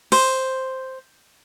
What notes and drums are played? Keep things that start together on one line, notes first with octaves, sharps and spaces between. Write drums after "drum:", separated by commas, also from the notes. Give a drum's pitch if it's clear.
C5, drum: open hi-hat